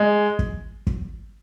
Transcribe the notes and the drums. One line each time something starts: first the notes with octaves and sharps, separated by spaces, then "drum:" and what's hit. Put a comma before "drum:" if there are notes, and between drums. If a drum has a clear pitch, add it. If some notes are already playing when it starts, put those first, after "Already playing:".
Already playing: G#3
drum: kick
drum: kick